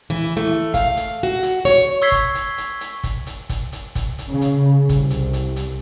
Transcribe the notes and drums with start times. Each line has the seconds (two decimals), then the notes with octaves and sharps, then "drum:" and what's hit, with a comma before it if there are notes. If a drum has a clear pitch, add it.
0.10 E3
0.37 A3
0.74 F5, drum: kick, hi-hat
0.97 drum: hi-hat
1.23 F#4
1.43 drum: hi-hat
1.65 C#5, drum: hi-hat
2.02 C#6 E6 G#6 B6 C7 G7
2.12 drum: kick, hi-hat
2.35 drum: hi-hat
2.58 drum: hi-hat
2.81 drum: hi-hat
3.04 drum: kick, hi-hat
3.27 drum: hi-hat
3.50 drum: kick, hi-hat
3.72 drum: hi-hat
3.95 drum: kick, hi-hat
4.18 drum: hi-hat
4.30 C#3
4.41 drum: hi-hat
4.89 C2, drum: kick, hi-hat
5.10 drum: hi-hat
5.33 drum: hi-hat
5.56 drum: hi-hat